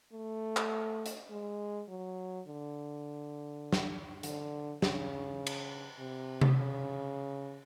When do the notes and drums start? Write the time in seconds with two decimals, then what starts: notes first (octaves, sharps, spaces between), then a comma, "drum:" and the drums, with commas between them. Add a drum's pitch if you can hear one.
0.13 A3
0.57 drum: clap
1.06 drum: hi-hat
1.30 G#3
1.89 F#3
2.47 D3
3.73 drum: snare
4.23 D3, drum: hi-hat
4.82 C#3, drum: snare
5.47 drum: cymbal
5.99 C3
6.41 drum: tom C3
6.58 C#3